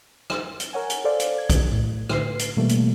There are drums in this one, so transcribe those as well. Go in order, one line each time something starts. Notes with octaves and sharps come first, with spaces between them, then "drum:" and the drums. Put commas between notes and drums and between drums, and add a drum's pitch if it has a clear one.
drum: rim click
drum: hi-hat
A#4 C#5 F#5 G#5
drum: hi-hat
A4 C5 D5 F5
drum: hi-hat
G#6
drum: kick B1, hi-hat
A2
A2 D3 B4 C7, drum: rim click
drum: hi-hat
B2 E3 G3 A3 A#3
drum: hi-hat